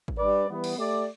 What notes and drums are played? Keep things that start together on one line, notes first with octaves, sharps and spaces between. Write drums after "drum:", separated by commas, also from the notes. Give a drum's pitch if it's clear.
drum: kick G#1
G3 D4 B4 D5
E3 G3 B3
drum: cymbal
A3 G4 D5